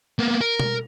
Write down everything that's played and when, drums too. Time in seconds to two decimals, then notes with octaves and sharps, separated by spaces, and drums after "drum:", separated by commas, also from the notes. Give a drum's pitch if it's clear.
0.19 A#3 B3
0.41 A#4
0.60 drum: tom B2